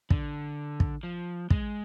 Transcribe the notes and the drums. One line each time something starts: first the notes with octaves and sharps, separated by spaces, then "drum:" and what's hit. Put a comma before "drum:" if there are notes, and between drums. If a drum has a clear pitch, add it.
D3, drum: kick
drum: kick
F3
G#3, drum: kick